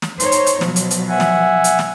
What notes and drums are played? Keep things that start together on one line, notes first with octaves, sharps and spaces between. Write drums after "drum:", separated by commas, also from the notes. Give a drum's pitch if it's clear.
drum: snare
D#4 C5 C#5, drum: hi-hat
drum: hi-hat
drum: hi-hat
B2 F3 F#3, drum: snare
drum: hi-hat
drum: hi-hat
E5 F#5 G#5
drum: snare
drum: hi-hat
drum: snare